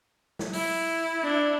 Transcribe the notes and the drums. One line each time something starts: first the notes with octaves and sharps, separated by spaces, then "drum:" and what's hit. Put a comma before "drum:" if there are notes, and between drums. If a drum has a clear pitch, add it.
drum: snare
E4, drum: open hi-hat
D4